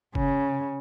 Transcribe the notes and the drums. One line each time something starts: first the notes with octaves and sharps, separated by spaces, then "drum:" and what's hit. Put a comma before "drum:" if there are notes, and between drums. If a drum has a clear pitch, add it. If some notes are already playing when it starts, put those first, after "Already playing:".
C#3, drum: kick F#1